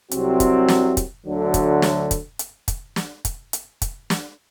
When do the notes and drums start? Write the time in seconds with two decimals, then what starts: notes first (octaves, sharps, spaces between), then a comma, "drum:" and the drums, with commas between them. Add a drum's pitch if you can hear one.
0.11 C2 C3 F#3 C4 F#4, drum: hi-hat
0.40 drum: kick, hi-hat
0.68 drum: snare
0.97 drum: kick, hi-hat
1.26 D2 D3 F#3
1.54 drum: kick, hi-hat
1.82 drum: snare
2.11 drum: kick, hi-hat
2.39 drum: hi-hat
2.68 drum: kick, hi-hat
2.96 drum: snare
3.25 drum: kick, hi-hat
3.53 drum: hi-hat
3.82 drum: kick, hi-hat
4.10 drum: snare